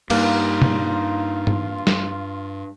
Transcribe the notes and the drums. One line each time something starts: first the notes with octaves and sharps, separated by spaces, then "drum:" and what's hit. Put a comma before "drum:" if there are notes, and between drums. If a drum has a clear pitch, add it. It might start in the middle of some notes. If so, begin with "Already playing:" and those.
G2 A#3 D#4 F4, drum: cymbal
drum: tom
drum: tom G2
drum: snare